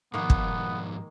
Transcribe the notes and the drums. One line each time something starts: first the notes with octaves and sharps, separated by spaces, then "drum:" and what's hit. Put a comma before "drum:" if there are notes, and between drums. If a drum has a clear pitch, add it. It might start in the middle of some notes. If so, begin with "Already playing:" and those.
G#2 B2 D#3 F3 G#3 A#3 B3
drum: kick